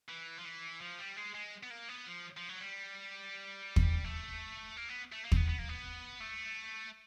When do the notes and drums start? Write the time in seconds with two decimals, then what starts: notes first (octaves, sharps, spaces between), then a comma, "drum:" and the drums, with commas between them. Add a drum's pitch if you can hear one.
0.09 E3
0.39 F3
0.45 E3
0.81 F3
0.99 G3
1.17 G#3
1.35 G#3
1.63 B3
1.70 A#3
1.89 B3
2.07 F3
2.37 F3
2.49 F#3
2.61 G3
3.76 drum: kick
4.04 A3
4.77 A#3
4.89 B3
5.12 A3
5.25 A#3
5.32 C4, drum: kick
5.36 B3
5.49 B3
5.59 A#3
5.69 B3
6.21 A3